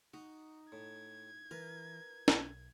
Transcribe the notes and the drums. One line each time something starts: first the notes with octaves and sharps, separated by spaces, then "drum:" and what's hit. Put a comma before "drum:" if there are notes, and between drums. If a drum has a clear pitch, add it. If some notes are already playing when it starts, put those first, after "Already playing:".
D#4 F#4
A2 G#6
E3 A#4 B4
B1, drum: snare